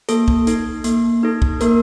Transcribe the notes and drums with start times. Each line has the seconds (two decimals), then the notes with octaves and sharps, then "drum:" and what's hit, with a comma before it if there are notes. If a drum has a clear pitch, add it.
0.09 A#3 A4, drum: hi-hat
0.28 drum: kick
0.47 D#4 A4, drum: hi-hat
0.84 A#3, drum: hi-hat
1.23 D#4 A4
1.42 drum: kick
1.61 A#3 A#4, drum: hi-hat